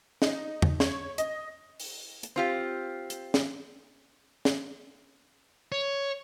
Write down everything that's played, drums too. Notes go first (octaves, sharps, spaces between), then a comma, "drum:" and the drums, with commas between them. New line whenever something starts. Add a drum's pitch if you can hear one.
D#4, drum: snare
drum: tom
C#5, drum: snare
D#5, drum: hi-hat
drum: open hi-hat
drum: hi-hat
C4 F4 G4
drum: hi-hat
drum: snare
drum: snare
C#5